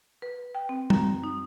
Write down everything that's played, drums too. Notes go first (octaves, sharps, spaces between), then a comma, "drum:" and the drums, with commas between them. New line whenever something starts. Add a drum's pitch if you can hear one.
B4
G5
C4
F#2, drum: tom
D#4